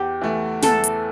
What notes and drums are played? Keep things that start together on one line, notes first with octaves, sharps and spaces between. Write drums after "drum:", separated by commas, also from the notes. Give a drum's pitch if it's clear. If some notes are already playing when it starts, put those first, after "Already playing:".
Already playing: E2 G4
E3 A3 E4
E2 A4, drum: snare
drum: hi-hat